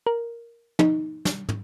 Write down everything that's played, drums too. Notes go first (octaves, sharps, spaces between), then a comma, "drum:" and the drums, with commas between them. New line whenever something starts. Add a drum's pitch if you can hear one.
A#4
D#4, drum: tom
drum: snare
drum: tom